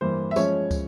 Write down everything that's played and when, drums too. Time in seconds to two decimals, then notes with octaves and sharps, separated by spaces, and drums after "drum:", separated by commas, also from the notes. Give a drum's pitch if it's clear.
0.01 G2 E3 A#3 C5
0.31 E5
0.36 F3 G#3 C#4 C#5, drum: tambourine
0.71 drum: kick, tambourine